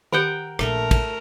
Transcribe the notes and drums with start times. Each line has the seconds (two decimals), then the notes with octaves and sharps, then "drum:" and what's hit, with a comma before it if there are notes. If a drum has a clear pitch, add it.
0.12 D#3 G4 A#4 F#5 G5
0.59 A#1 A3 A#4, drum: rim click
0.91 drum: kick, cymbal